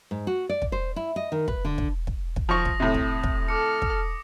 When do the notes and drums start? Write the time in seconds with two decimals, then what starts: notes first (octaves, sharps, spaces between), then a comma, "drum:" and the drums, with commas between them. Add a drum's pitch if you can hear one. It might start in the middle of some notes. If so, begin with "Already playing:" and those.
0.11 G#2
0.27 F#4
0.49 D5
0.62 drum: kick
0.72 C5
0.96 E4
1.16 D#5
1.32 D#3
1.48 B4, drum: kick
1.65 D3
1.78 drum: kick
2.07 drum: kick
2.36 drum: kick
2.49 F3 C#6 D#6 A#6
2.65 drum: kick
2.80 A2 C3
2.94 drum: kick
3.24 drum: kick
3.49 A4 D6 F6 C#7
3.82 drum: kick